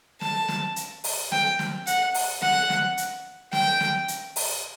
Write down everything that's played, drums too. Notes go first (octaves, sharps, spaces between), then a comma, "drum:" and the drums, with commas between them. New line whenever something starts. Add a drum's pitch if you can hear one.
A5, drum: snare
drum: snare
drum: hi-hat
drum: open hi-hat
G5, drum: snare
drum: snare
F#5, drum: hi-hat
drum: open hi-hat
F#5, drum: snare
drum: snare
drum: hi-hat
G5, drum: snare
drum: snare
drum: hi-hat
drum: open hi-hat